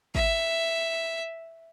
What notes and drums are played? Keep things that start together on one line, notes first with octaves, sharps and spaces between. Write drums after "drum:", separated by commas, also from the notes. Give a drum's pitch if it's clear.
E5, drum: kick G#1